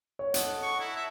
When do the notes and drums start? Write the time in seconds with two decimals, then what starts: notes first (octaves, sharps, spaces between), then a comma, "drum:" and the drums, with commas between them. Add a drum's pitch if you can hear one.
0.19 C#5
0.34 A4 D#5 F#5, drum: hi-hat
0.63 C#6
0.80 E4 A5 A#5
0.96 E5